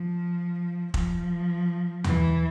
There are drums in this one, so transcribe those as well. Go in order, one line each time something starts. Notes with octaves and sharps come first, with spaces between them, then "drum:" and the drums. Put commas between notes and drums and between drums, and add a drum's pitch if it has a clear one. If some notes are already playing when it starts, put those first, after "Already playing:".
Already playing: F3
F3, drum: kick
E3, drum: tom D#2